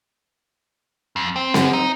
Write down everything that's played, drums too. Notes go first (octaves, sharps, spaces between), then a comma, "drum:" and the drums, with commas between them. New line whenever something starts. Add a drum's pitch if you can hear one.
F2
C4
F#2, drum: snare C4
D#4